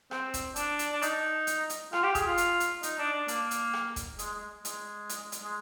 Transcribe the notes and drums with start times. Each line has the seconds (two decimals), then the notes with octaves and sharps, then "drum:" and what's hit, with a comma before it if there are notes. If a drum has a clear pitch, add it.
0.11 C4, drum: rim click
0.34 drum: kick, hi-hat
0.56 D4, drum: hi-hat
0.79 drum: hi-hat
0.92 D4
1.02 D#4, drum: hi-hat
1.47 drum: hi-hat
1.70 drum: hi-hat
1.93 F4, drum: rim click
2.04 G4
2.15 G#4, drum: kick, hi-hat
2.27 F4
2.38 drum: hi-hat
2.60 drum: hi-hat
2.83 D#4, drum: hi-hat
2.99 D4
3.13 D4
3.28 A#3, drum: hi-hat
3.51 drum: hi-hat
3.73 drum: rim click
3.96 drum: kick, hi-hat
4.19 G#3, drum: hi-hat
4.34 G#3
4.65 G#3, drum: hi-hat
5.09 drum: hi-hat
5.32 drum: hi-hat
5.43 G#3